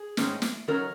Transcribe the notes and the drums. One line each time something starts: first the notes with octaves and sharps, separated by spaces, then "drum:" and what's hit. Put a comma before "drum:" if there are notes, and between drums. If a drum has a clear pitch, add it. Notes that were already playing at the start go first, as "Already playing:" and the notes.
Already playing: G#4
G#2 D#3 G#3 C#4, drum: snare
drum: snare
D#3 F#3 C#4 A#4